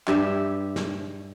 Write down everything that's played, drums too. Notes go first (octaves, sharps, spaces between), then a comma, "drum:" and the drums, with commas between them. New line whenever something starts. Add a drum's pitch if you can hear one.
G2 G4 E5, drum: clap
drum: snare